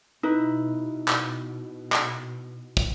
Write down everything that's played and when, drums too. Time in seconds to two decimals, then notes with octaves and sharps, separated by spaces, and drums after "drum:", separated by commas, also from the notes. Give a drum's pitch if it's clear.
0.23 B2 D#4 E4 B4
1.08 drum: clap
1.92 drum: clap
2.77 drum: kick